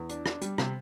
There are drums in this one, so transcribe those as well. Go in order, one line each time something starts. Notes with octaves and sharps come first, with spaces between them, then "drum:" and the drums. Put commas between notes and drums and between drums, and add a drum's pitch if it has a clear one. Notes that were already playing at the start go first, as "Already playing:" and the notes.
Already playing: E2
D4, drum: hi-hat
D4, drum: rim click
G3, drum: hi-hat
C3, drum: rim click